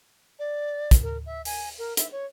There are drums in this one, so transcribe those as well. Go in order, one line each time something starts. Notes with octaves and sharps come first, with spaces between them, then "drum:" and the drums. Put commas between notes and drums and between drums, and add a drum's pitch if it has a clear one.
D5
drum: kick, hi-hat
A#4
E5
G#5, drum: open hi-hat
A#4
E5, drum: hi-hat
C#5